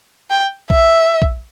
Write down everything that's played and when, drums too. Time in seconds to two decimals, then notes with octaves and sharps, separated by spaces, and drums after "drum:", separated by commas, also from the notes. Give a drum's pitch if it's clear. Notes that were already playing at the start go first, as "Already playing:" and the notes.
0.30 G5
0.70 E5, drum: kick
1.22 drum: kick